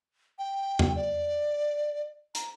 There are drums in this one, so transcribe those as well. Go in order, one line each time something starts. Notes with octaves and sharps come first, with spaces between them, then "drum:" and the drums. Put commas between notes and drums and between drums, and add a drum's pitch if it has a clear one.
G5
drum: tom
D5
A#5, drum: hi-hat